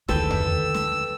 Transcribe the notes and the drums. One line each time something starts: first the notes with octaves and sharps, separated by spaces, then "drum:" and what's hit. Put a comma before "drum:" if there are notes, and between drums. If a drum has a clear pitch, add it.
D2 D#3 A4 B4 G5 E6, drum: snare
drum: tom E2
drum: snare